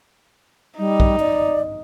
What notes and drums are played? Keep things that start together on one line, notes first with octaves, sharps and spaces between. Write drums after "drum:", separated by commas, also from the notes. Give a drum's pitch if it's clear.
G3 D#4
drum: kick A#1
D5